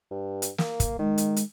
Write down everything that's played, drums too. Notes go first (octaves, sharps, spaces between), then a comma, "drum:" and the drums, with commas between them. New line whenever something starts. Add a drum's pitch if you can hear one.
G2
drum: hi-hat
A#3, drum: snare
drum: kick, hi-hat
D#3 G#3
drum: hi-hat
drum: hi-hat